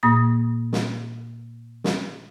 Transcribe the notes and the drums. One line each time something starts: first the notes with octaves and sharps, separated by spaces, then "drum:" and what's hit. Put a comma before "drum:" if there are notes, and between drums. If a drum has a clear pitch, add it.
A#2 A#3 D#6
drum: snare
drum: snare